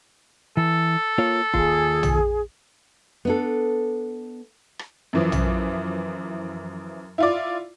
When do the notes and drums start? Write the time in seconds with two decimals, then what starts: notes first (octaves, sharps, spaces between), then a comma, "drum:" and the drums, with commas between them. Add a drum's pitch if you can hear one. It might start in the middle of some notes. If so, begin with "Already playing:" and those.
0.57 E3 A4
1.18 A#3 F4 C#5
1.54 D#2 F4 G#4, drum: kick
2.03 drum: tom
3.25 B3 D4 A4
4.79 drum: rim click
5.13 F#2 E3 F3
5.32 drum: tom
7.18 E4 F4 D5